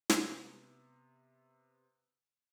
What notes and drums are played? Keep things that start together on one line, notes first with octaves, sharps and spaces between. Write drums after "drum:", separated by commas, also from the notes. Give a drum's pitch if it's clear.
C3 B3, drum: snare